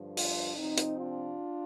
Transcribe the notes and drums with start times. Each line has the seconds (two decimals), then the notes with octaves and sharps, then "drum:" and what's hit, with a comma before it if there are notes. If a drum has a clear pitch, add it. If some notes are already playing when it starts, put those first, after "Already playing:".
Already playing: G2 D3 F3
0.17 D4 F4, drum: open hi-hat
0.58 C3 F3 C4 D#4
0.78 drum: hi-hat
0.98 D4 F4